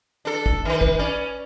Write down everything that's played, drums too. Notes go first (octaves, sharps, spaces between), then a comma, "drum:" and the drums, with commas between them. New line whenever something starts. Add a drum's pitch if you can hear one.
D4 A4
drum: kick
D#3 B4
drum: kick
C#4 D5